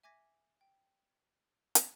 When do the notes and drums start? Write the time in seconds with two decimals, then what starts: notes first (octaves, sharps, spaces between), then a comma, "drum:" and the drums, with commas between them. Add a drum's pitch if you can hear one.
0.03 E5 G#5 D6 G#6 A#6 B6
0.61 G5
1.75 drum: hi-hat